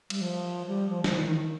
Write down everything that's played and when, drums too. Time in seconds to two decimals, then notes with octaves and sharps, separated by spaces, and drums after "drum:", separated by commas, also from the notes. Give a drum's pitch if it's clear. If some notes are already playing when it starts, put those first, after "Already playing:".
0.10 G3, drum: cymbal
0.21 F3
0.67 G3
0.90 F3
1.04 F3, drum: snare
1.12 D#3
1.19 F3
1.24 D#3
1.36 D#3